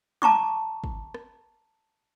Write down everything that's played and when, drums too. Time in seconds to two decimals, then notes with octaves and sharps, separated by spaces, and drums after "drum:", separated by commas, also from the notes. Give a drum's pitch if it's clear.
0.22 A5 A#5 C#6 D6, drum: tom
0.84 drum: kick
1.14 drum: rim click